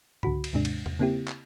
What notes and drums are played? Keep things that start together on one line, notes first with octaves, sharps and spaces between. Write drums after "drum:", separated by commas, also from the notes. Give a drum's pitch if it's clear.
C#2 D3 F#4 B5, drum: tom
drum: cymbal
D#2 G#2 C3 G#3 D4
drum: cymbal
drum: tom E2
C#3 A#3 C4 E4 G4
drum: clap